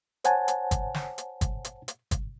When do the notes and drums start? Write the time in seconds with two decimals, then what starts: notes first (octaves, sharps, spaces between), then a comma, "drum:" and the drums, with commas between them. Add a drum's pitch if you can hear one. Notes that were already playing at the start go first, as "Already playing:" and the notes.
0.24 C5 C#5 F#5 G#5 A5, drum: hi-hat
0.48 drum: hi-hat
0.71 drum: kick G1, hi-hat
0.94 drum: snare
1.18 drum: hi-hat
1.41 drum: kick G1, hi-hat
1.64 drum: hi-hat
1.88 drum: hi-hat
2.11 drum: kick G1, hi-hat